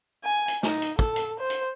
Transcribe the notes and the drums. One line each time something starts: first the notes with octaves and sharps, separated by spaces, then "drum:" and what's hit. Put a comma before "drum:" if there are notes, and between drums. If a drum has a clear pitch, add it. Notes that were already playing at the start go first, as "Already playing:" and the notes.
G#5
drum: hi-hat
D#4, drum: snare
drum: hi-hat
A4, drum: kick
drum: hi-hat
C5
drum: hi-hat